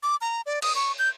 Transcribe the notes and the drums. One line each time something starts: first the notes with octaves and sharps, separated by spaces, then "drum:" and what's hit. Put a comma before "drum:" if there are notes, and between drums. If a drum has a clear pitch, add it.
D6
A#5
D5
D#6, drum: cymbal
C#6
G6